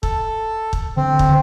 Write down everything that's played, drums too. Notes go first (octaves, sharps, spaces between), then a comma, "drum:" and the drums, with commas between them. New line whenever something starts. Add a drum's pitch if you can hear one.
A4, drum: kick
drum: kick
D3 C4
drum: kick